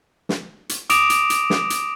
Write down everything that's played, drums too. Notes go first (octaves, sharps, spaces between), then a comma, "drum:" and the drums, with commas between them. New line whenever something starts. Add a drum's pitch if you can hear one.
drum: snare
drum: hi-hat
D6 D#6 A#6 D7 E7 F7, drum: hi-hat
drum: hi-hat
drum: hi-hat
drum: snare
drum: hi-hat